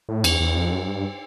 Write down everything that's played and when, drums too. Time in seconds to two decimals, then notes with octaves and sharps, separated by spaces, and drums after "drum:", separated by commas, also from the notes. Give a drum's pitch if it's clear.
0.09 A2
0.24 E2, drum: cymbal
0.40 E2
0.57 F2
0.73 F#2
0.88 G2